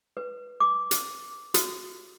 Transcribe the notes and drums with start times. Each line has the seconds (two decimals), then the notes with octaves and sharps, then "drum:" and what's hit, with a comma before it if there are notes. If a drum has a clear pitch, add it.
0.17 B4
0.60 D6
0.91 drum: hi-hat
1.54 F#4, drum: hi-hat